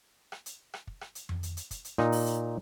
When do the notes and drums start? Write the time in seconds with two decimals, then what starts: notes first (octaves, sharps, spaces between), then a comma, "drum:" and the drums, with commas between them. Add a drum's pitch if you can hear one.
0.32 drum: rim click
0.46 drum: hi-hat
0.74 drum: rim click
0.87 drum: kick
1.01 drum: rim click
1.15 drum: hi-hat
1.29 drum: tom F2
1.43 drum: hi-hat
1.57 drum: hi-hat
1.71 drum: kick, hi-hat
1.85 drum: hi-hat
1.98 A#2 D#4, drum: rim click
2.12 drum: open hi-hat
2.26 drum: hi-hat